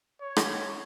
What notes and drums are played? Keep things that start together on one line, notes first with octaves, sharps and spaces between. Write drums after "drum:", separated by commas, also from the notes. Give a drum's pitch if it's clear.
C#5
drum: rim click